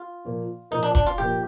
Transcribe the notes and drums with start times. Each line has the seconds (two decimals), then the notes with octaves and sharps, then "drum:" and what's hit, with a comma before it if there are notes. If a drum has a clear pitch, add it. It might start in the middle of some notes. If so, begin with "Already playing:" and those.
Already playing: F4
0.25 A#2 F3 A#3
0.71 A#2 F3 A#3 D#4
0.83 D4
0.95 D4, drum: kick
1.07 F4
1.18 A#2 F3 A#3 G4